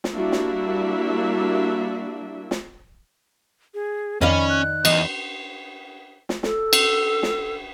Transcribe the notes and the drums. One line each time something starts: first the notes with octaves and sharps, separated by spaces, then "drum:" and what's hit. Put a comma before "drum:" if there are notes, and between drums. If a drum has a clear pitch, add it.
drum: snare
G3 A#3 D4 E4 F#4 E5
drum: snare
drum: snare
G#4
F2 D#3 C#4 D5 F5 B5
F#6
E2 D#4, drum: cymbal
drum: snare
A4, drum: snare
drum: cymbal
drum: snare